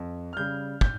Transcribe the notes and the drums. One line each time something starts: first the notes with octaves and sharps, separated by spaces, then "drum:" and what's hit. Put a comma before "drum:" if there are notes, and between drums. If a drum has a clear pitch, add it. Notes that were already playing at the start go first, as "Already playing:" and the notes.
Already playing: F2
F6
C#3 G3 G6
G6, drum: kick